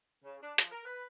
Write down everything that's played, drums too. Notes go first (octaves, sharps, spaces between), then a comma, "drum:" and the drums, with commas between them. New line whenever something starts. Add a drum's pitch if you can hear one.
C#3
D4
F3, drum: hi-hat
A#4
B4